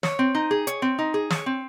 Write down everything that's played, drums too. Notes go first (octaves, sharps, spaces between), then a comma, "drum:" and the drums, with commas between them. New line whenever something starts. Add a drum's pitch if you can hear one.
C#5, drum: snare
C4
D#4
G#4
C#5, drum: hi-hat
C4
D#4
G#4
C#5, drum: snare
C4